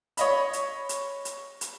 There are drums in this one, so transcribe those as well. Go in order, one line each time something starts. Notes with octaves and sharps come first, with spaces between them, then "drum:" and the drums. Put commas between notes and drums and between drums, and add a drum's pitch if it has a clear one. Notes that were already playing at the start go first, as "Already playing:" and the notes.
C#5 D#5 B5, drum: hi-hat
drum: hi-hat
drum: hi-hat
drum: hi-hat
drum: hi-hat